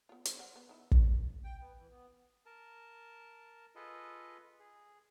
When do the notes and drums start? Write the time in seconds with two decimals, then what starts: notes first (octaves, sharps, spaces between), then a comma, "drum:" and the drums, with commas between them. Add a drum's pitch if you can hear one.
0.09 B3 F4
0.25 C5, drum: hi-hat
0.39 A#4 D5 F#5
0.56 B3
0.69 D#3 E4
0.91 drum: kick
1.44 G5
1.61 B3
1.79 E3
1.91 B3
2.46 A#4 A5
3.75 F4 G#4 A4 B4 D#5
4.60 G#4